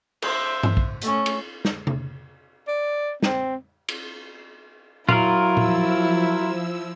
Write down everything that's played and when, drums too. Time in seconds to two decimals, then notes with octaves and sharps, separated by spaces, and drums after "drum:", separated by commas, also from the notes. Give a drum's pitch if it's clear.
0.22 C5 E5, drum: cymbal
0.63 drum: tom G2
0.77 drum: kick
1.01 A3 C#4, drum: hi-hat
1.26 drum: cymbal
1.65 drum: snare
1.87 drum: tom C3
2.68 D5
3.23 C4, drum: snare
3.88 drum: cymbal
5.09 F#3 E4 F4 A#4, drum: tom A#2
5.57 F3 E6, drum: tom A#2